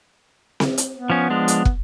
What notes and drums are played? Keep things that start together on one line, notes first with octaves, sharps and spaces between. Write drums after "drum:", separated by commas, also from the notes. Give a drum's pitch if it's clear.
drum: snare C4
drum: hi-hat
B3
F3 C#4
F3 G#3 D4
drum: hi-hat
drum: kick